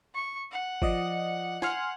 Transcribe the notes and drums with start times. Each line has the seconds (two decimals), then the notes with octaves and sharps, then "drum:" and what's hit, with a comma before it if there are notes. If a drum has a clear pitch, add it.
0.14 C#6
0.51 F#5
0.82 F3 D5 D#5, drum: kick G1
1.62 F#5 G#5 C6 F6, drum: snare